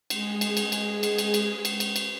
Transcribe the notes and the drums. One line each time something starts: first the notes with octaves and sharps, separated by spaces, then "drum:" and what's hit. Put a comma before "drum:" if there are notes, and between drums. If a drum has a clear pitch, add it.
G#3 G#4, drum: cymbal
drum: cymbal
drum: cymbal
drum: cymbal
drum: cymbal
drum: cymbal
drum: cymbal
drum: cymbal
drum: cymbal
drum: cymbal